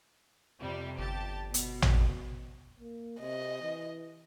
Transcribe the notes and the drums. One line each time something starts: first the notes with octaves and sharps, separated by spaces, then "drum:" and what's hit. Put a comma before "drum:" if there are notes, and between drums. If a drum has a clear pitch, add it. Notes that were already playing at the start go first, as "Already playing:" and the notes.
F2 C3 G3
G1 G4 A5
B2, drum: hi-hat
drum: tom A1
A#3
C3 D#5
E3